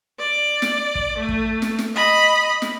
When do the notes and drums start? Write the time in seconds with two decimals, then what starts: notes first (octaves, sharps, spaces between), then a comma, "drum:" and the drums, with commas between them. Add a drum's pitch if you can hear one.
0.19 D5
0.62 drum: snare
0.95 drum: kick
1.18 A3
1.29 drum: kick
1.62 drum: snare
1.79 drum: snare
1.95 D#5 B5
2.62 drum: snare